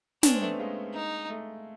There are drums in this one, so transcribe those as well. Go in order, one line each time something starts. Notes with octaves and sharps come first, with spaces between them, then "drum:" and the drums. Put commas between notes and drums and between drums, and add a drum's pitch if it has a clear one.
B3 C#4 D4, drum: snare
C4
A3 B3
G#3 A#3
D#4
A3